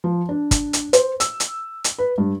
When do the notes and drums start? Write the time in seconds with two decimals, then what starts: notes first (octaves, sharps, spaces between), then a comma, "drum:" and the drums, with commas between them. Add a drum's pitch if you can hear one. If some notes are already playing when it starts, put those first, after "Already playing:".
0.04 F3
0.29 D4
0.51 drum: kick, hi-hat
0.73 drum: hi-hat
0.93 C5, drum: hi-hat
1.20 E6, drum: hi-hat
1.40 drum: hi-hat
1.84 drum: hi-hat
1.98 B4
2.18 G2